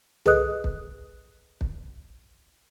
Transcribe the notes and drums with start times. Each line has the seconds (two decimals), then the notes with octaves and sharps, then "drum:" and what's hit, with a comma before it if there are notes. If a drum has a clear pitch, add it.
0.26 G#4 A4 B4 D#5 D#6 F#6, drum: tom
0.64 drum: kick
1.61 drum: kick